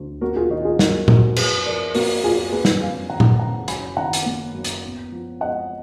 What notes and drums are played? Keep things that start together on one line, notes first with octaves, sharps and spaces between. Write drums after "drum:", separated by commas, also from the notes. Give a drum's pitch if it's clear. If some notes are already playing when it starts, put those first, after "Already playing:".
Already playing: D2
A#3 F#4 A#4
F4 G#4
D#3 D#4 F#4
F4 G#4
F#3 F#4 A#4, drum: snare
F2 F#4 A#4, drum: tom A#2
F#2 G#4 B4, drum: cymbal
F3 A#4 D5
A#3 F#4 A#4, drum: open hi-hat
F#2 F4 G#4
A#3 G#4 B4
drum: snare
F2 F5 G#5
D#3 F#5 A#5
drum: tom A#2
F#1 F#5 A#5
F#2 G#5 B5, drum: hi-hat
D#3 F#5 A#5
drum: hi-hat
A#3
F#2
drum: hi-hat
B3
F3
G#3 D#5 F#5